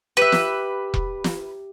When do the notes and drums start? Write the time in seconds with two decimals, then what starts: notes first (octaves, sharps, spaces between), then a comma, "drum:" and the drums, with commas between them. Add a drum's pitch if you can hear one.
0.17 G4 B4 E5
0.32 drum: snare
0.94 drum: kick E1
1.24 drum: snare